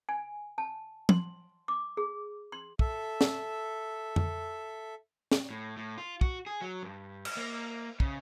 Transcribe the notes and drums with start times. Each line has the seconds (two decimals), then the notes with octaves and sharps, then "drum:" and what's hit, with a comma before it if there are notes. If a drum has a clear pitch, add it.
0.09 G#5
0.58 A5
1.09 C6, drum: tom F3
1.68 D6
1.97 G#4
2.52 C6
2.79 A4 E5, drum: kick
3.21 drum: snare
4.16 drum: tom F2
5.32 drum: snare
5.50 A2
5.77 A2
5.98 F4
6.21 F#4, drum: kick
6.46 G#4
6.61 F#3
6.83 G2
7.25 drum: cymbal
7.37 A#3
8.00 C#3, drum: kick